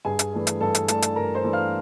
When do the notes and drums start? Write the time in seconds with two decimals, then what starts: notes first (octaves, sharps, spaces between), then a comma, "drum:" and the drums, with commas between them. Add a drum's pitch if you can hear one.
0.05 G2 G#4 G#5
0.19 drum: hi-hat
0.33 E3 A3 D4
0.47 drum: hi-hat
0.61 G2 A4 A5
0.75 drum: hi-hat
0.88 E3 A3 D4 A4 A5, drum: hi-hat
1.02 drum: hi-hat
1.16 G2 A#4 A#5
1.35 C5 C6
1.44 E3 A3 D4
1.53 F5 F6